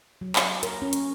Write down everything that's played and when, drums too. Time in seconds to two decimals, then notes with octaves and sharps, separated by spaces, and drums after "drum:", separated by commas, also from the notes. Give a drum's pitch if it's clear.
0.21 F#3
0.36 drum: clap
0.63 A#4, drum: hi-hat
0.82 C#4
0.93 drum: hi-hat